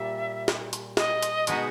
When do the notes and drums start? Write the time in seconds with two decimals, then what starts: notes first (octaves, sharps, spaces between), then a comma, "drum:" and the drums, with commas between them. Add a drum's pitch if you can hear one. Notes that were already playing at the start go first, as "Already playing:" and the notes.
Already playing: A#2 G3 E5
0.48 drum: snare
0.73 drum: hi-hat
0.97 D#5, drum: snare
1.23 drum: hi-hat
1.47 B2 G#3 B3 D#4 F#4, drum: hi-hat